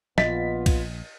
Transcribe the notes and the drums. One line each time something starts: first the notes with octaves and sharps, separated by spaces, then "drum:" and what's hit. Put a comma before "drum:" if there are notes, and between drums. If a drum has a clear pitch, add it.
A#1 B3 F4 D#5 B6, drum: snare
drum: kick, cymbal